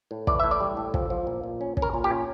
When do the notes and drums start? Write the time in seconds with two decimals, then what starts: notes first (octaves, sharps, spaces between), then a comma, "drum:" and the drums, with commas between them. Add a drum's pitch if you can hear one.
0.11 A2
0.27 E3 D5, drum: kick
0.40 A2 E5
0.51 D5
0.60 G3
0.77 A2
0.94 F3, drum: kick
1.10 F3
1.27 A#2
1.44 A#2
1.61 C#4
1.77 C#4, drum: kick
1.82 A#4
1.94 A#2
2.04 G4
2.10 C#4